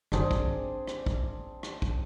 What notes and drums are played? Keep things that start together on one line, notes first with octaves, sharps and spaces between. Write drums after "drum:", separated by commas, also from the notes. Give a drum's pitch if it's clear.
G1 D#3 F#3 C4 D4 G#4, drum: rim click
drum: kick
drum: rim click
drum: kick
drum: rim click
drum: kick